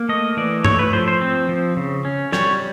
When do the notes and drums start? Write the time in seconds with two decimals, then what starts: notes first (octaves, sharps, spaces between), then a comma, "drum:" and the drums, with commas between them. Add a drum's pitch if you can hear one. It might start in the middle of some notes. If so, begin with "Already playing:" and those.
Already playing: A#3
0.09 A3 D#5
0.37 E3 D5
0.65 A3 C#5, drum: tom G2
0.79 B4
0.93 F3 C5
1.08 C5
1.21 C4
1.49 F3
1.77 C#3
2.05 C#4
2.32 G3 C#5, drum: snare